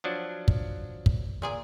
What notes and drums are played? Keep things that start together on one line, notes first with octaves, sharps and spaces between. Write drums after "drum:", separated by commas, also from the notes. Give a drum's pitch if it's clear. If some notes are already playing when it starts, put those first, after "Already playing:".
F3 F#3 D4
drum: kick
drum: kick
A#2 G#4 D5